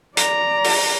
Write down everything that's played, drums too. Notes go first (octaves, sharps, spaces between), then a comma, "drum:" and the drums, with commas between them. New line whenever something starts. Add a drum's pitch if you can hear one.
D5 A#5, drum: hi-hat
drum: open hi-hat